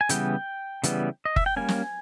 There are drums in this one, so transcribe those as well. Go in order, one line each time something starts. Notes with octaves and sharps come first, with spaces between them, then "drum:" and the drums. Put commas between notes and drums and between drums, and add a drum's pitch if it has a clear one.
G#5
C#3 E3 G3 B3 G5, drum: hi-hat
C#3 E3 G3 B3, drum: hi-hat
D#5
E5, drum: kick F#1
G5
G3 A#3 C#4 G#5
drum: snare